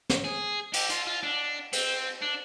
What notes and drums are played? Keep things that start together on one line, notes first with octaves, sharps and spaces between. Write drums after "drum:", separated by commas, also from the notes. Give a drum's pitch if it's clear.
drum: snare
G#4
G4, drum: cymbal
F4, drum: hi-hat
F4
D4
C4, drum: cymbal
D4